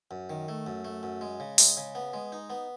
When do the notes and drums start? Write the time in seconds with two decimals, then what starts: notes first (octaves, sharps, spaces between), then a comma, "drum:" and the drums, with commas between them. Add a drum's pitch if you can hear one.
0.11 F#2
0.30 D#3
0.48 A3
0.67 F#2
0.85 A3
1.03 F#2
1.21 G#3
1.40 C#3
1.58 G#3, drum: open hi-hat
1.77 C#3
1.95 B3
2.13 G#3
2.32 D#4
2.50 B3